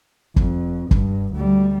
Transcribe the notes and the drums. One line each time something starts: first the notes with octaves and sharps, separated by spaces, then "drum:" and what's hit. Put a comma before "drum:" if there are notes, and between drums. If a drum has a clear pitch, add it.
F2, drum: kick
G2, drum: kick
D2 G3